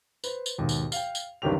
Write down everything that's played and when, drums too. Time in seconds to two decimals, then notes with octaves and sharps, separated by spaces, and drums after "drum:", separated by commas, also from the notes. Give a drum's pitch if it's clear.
0.24 B4 C5, drum: tambourine
0.46 drum: tambourine
0.58 D#2 G#2 B2
0.69 drum: tambourine
0.92 F5 G5, drum: tambourine
1.15 drum: tambourine
1.42 G1 C#2 D#3 F#3 G4 F7